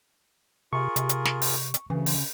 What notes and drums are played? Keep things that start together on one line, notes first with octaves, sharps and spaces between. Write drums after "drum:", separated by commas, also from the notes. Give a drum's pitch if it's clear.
C3 F4 G#4 A#4 C#6
C3, drum: hi-hat
drum: hi-hat
drum: snare
drum: open hi-hat
drum: hi-hat
D2 C#3 E3
drum: open hi-hat